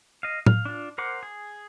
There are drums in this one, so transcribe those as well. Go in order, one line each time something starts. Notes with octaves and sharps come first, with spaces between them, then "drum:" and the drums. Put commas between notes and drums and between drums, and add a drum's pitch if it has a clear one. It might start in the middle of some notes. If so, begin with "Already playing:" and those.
D#5 F5
F5, drum: tom A2
D4 F4
A#4 C5 F#5 D6
G#4